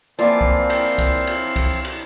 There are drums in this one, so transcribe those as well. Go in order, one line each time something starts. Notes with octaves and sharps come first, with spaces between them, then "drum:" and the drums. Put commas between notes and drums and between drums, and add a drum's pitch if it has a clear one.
E3 F3 A#3 C4 F4 D5 F5 A5
drum: kick C2
G5, drum: cymbal
drum: kick C2, cymbal
drum: cymbal
drum: kick C2, cymbal
drum: cymbal